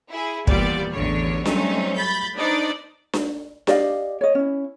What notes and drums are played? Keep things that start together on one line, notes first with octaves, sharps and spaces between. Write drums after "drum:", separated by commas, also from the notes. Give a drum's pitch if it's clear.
E4 G#4
D#2 A#2 E3 G3 B3 D5, drum: kick
A1 E2 D3 C#5
F#3 G3 A3 C4 C#4 D#4, drum: snare D4
B5 G6 A6
D4 D#4 B4 C5 D5
drum: snare D4
G4 D5 D#5 F5, drum: snare D4
C#5 D#5
C#4 E4